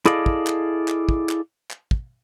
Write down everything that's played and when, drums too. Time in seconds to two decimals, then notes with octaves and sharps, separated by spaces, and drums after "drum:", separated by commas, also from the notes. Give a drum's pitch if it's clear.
0.05 E4 G#4 A4 D5 D#5 F5, drum: clap
0.26 drum: kick
0.47 drum: clap
0.88 drum: clap
1.09 drum: kick
1.29 drum: clap
1.70 drum: clap
1.91 drum: kick